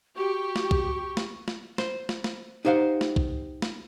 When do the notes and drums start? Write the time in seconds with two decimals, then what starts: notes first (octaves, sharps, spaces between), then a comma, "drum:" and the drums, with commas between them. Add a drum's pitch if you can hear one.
0.17 F#4 G4 C#6
0.56 drum: snare
0.71 drum: kick B1
1.17 drum: snare
1.48 drum: snare
1.78 C5, drum: snare
2.09 drum: snare
2.24 drum: snare
2.65 D#4 G4 C5 F5 F#5
3.01 drum: snare
3.16 drum: kick B1
3.62 drum: snare